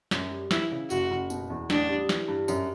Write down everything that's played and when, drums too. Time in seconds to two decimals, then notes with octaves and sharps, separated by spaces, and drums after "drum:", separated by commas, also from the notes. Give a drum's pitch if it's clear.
0.11 F#2, drum: snare
0.31 G3
0.51 E3 E4, drum: snare
0.71 C#3
0.90 F#1 F#4, drum: tambourine
1.10 F#1
1.30 B2, drum: tambourine
1.50 E2
1.70 A1 D4, drum: snare
1.89 G3
2.09 E3, drum: snare
2.28 G2
2.48 F#2, drum: tambourine